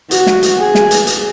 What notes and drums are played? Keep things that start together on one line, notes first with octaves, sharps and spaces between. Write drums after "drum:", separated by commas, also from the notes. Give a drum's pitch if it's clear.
F#4, drum: hi-hat
drum: snare
drum: hi-hat
G#4
drum: snare
drum: hi-hat
drum: hi-hat